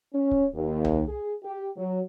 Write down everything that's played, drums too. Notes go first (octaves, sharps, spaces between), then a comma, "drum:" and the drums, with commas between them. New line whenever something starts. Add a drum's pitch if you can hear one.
C#4
drum: kick C#1
D#2
drum: tom C2
G#4
G4
F#3